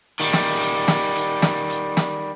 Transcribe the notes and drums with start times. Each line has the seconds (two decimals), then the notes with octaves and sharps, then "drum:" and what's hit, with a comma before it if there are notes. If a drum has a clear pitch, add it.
0.20 D#3 G3
0.33 drum: snare
0.61 drum: hi-hat
0.88 drum: snare
1.15 drum: hi-hat
1.42 drum: snare
1.70 drum: hi-hat
1.97 drum: snare